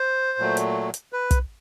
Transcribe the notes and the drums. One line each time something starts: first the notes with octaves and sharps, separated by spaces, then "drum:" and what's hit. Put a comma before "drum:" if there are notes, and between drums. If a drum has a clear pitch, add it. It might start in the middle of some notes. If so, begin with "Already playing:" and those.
Already playing: C5
A#2 F#3 A3
drum: hi-hat
drum: hi-hat
B4
drum: kick, hi-hat